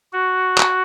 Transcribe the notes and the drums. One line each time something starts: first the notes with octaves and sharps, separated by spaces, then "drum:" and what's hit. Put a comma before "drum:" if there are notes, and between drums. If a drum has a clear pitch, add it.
F#4
drum: clap